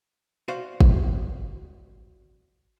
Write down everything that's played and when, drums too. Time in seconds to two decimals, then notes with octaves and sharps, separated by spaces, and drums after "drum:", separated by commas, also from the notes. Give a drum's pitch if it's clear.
0.48 F#4 C5 D5 F5
0.81 drum: kick